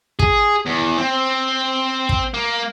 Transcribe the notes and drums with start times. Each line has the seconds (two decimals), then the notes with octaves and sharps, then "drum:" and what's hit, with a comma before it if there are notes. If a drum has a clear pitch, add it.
0.19 G#4, drum: kick
0.66 E2
0.98 C4
2.09 drum: kick
2.34 A#3